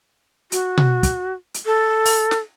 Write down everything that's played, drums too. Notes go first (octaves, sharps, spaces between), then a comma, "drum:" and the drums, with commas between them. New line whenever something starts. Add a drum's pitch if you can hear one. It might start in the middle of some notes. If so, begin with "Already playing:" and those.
F#4, drum: hi-hat
drum: tom B2
drum: kick, hi-hat
drum: hi-hat
A4
drum: open hi-hat
drum: snare